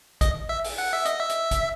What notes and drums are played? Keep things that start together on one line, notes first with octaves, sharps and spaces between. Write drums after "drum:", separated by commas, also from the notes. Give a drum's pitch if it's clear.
D#5, drum: kick A1, hi-hat
E5
drum: open hi-hat
F#5
E5
D#5, drum: hi-hat
E5
drum: hi-hat
drum: kick A1, hi-hat